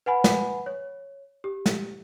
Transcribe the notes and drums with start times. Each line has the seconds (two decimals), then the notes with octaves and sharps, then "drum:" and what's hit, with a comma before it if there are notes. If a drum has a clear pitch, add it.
0.06 B4 F#5 G#5 B5
0.24 drum: snare
0.66 C#5
1.44 G4
1.66 drum: snare